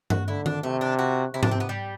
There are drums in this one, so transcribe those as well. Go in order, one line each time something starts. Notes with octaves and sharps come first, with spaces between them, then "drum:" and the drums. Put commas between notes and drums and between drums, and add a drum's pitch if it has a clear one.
F#4, drum: tom G2
D3 E4
D4, drum: tom D#3
C3 A3
D4
F#4
C3 E4
D4, drum: tom G#2
C4
B3
G3